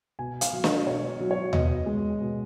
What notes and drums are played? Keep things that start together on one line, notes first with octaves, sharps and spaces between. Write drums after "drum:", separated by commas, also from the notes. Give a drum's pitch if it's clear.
B2 G#5
F5, drum: hi-hat
F#3
D#5, drum: snare
B2 C#5
F#3
C#5
B2 D#5, drum: tom D#2
G#3
B2